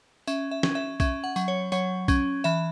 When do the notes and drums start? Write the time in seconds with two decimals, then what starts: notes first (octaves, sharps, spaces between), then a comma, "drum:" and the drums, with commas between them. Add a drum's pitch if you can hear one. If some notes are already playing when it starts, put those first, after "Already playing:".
0.27 C#4 E5, drum: tambourine
0.51 E5
0.63 C#4, drum: snare
0.75 E5
1.00 C#4 E5, drum: kick B1, tambourine
1.24 F#5
1.36 F#3, drum: tambourine
1.48 C#5
1.72 F#3 C#5, drum: tambourine
2.08 C#4, drum: kick B1, tambourine
2.44 E3 E5, drum: tambourine